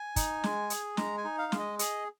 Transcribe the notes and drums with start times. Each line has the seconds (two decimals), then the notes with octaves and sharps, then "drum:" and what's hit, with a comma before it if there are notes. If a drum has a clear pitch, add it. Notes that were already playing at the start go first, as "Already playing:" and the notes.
Already playing: G#5
0.16 D#4, drum: kick, hi-hat
0.44 G#3, drum: snare
0.70 G#4, drum: hi-hat
0.97 G#3 A#5, drum: snare
1.18 G#5
1.24 D#4
1.38 F5
1.52 G#3, drum: snare
1.59 D#5
1.79 G#4 D#5, drum: hi-hat